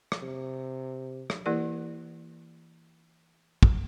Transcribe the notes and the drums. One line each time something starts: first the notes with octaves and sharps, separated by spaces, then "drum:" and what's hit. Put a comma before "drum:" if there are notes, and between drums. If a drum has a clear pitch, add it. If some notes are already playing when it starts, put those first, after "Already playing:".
drum: rim click
C3
drum: rim click
E3 A#3 E4 G4 A#4 D5
drum: kick